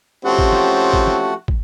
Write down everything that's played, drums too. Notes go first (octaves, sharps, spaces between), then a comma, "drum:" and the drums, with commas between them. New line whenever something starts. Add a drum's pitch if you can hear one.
F3 A3 C4 C#4 F#4 G4 F#5
drum: kick
drum: snare
drum: kick
drum: snare
drum: kick